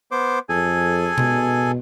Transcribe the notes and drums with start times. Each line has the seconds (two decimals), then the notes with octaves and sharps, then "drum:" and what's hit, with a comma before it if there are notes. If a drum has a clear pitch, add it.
0.11 B3 C5 D6
0.49 F2 G#4 A4 G#5
1.18 B2, drum: tom B2